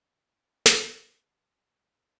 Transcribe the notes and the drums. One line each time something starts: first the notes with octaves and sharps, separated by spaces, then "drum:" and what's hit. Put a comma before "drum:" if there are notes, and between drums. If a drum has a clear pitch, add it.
A#2 F5 F#5
drum: snare
F#3 F#4 D#5 E5 A5